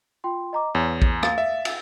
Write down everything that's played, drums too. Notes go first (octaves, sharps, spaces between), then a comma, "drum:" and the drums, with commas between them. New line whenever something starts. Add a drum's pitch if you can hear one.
F4 G5 C6
D#5 A#5 D6
E2 C#5
drum: kick A#1
F5 A6, drum: rim click
E5
drum: cymbal